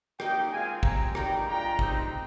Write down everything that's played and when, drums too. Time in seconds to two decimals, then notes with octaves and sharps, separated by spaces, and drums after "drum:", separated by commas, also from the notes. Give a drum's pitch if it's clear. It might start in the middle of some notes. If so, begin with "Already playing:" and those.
0.20 A#3 D#4 G4 D#5 G5, drum: rim click
0.52 G#3 C4 F4 F5 G#5
0.83 C4 G4 G5 A#5, drum: kick
1.15 G3 A#3 D#4 G4 G5 A#5, drum: rim click
1.46 G#3 D4 F4 G5 A#5
1.79 C4 D#4 G4, drum: kick